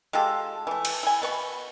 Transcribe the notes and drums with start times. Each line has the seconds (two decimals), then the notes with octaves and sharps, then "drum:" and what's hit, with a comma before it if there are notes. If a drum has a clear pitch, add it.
0.13 G#3 F4 G4 A4
0.67 E3 A3
0.85 drum: cymbal
1.03 E4 G#5
1.22 B2 B4 C#6